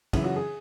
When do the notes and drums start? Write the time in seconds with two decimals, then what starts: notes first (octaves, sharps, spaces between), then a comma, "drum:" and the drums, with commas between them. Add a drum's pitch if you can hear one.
0.13 F#2 C#3 E3 E4, drum: kick, cymbal
0.24 F#4
0.36 G#4